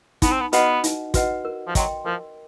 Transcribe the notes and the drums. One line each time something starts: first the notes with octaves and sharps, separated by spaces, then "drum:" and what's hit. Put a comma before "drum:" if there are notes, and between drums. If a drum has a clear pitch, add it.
B3 D#4, drum: kick, hi-hat
C4
B3
B3 F#4 B4 D#5 F#5, drum: hi-hat
D#4, drum: hi-hat
F#4 B4 D#5 F#5, drum: kick, hi-hat
A#4
F3
F#3 D#5 G5 C6, drum: kick, hi-hat
F3 A#4